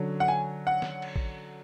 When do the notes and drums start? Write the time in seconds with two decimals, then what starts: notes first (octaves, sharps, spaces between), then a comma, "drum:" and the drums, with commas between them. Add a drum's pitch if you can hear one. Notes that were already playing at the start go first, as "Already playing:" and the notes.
Already playing: D3 F#3 C#4
0.20 F#5
0.28 G#5
0.67 F#5
0.82 drum: snare
1.02 drum: cymbal
1.16 drum: kick